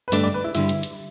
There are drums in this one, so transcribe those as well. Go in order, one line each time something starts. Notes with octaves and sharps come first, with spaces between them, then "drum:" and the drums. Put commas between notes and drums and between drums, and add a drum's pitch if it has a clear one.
B4
G2 D3 A3 D4 D5, drum: hi-hat
D5
B4
E4
G2 D3 G3 E4, drum: hi-hat
drum: hi-hat
drum: hi-hat